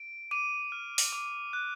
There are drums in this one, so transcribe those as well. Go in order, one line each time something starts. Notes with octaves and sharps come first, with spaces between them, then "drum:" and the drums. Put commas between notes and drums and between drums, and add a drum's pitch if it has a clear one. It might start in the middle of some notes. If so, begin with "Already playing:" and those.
Already playing: D7
D6 D#7
F6
drum: open hi-hat
D6
F#6